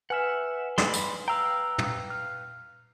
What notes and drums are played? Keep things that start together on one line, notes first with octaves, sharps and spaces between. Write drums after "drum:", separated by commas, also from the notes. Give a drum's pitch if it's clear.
B4 E5 F#5 G#5 F6
B5 C6, drum: snare
drum: tambourine
B4 F5 G5 A#5 E6
drum: tom
F6